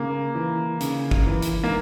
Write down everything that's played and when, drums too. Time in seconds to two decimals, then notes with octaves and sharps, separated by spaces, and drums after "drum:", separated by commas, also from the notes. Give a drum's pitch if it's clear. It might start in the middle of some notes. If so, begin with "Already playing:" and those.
Already playing: C#3 A#3
0.35 E3
0.80 C#3, drum: hi-hat
1.11 drum: kick
1.26 E3
1.42 drum: hi-hat
1.64 A#3